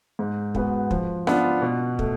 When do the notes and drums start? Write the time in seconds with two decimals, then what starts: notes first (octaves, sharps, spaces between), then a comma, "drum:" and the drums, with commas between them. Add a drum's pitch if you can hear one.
0.19 G#2
0.55 G#3 B3 F#4 B4, drum: kick
0.91 F3, drum: kick
1.27 B3 D4 F4, drum: rim click
1.62 B2
1.99 A3, drum: kick